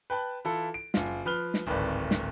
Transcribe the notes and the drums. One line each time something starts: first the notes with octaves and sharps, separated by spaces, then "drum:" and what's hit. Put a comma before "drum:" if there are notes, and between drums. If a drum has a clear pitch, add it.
B4 G5 A5 B5
E3 E4 F4 A4
D7
F#1 F4, drum: snare
F3 B4 F6 G7
drum: snare
D1 G#1 D#3 B4 D5
drum: snare